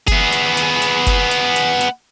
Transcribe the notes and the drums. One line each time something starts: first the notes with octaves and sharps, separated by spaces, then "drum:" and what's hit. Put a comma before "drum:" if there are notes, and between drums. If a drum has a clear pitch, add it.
B3 G#4, drum: kick F#1, hi-hat
drum: hi-hat
drum: hi-hat
drum: hi-hat
drum: kick F#1, hi-hat
drum: hi-hat
drum: hi-hat
drum: hi-hat